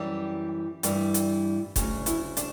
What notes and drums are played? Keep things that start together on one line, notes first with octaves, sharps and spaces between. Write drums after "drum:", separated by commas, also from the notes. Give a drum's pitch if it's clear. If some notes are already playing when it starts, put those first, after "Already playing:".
Already playing: F#2 E3 G3 G4
G2 E3 G3, drum: hi-hat
drum: hi-hat
D2 C#3 F#3, drum: kick F1, hi-hat
E4, drum: hi-hat
D4, drum: hi-hat